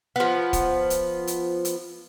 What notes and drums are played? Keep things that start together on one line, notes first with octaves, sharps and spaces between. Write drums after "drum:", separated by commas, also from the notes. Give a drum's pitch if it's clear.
F3 B3
drum: kick, hi-hat
drum: hi-hat
drum: hi-hat
drum: hi-hat